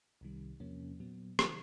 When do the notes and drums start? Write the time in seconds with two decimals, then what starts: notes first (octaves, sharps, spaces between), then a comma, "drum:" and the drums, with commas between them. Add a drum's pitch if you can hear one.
0.21 C2 C3 D#3 G3
0.60 E2 C3 F3 A#3 C#4
1.00 A#2 F#3 B3
1.39 C3 D#3 F#3, drum: rim click